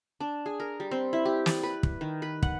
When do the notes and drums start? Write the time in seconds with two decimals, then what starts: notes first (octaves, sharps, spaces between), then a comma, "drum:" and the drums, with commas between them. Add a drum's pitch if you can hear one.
0.20 D4
0.46 G#4
0.60 A#4
0.80 G3
0.91 C4
1.13 E4
1.26 G4
1.46 D5, drum: snare
1.63 B4
1.83 drum: kick
2.01 D#3
2.22 B4
2.43 F#5, drum: kick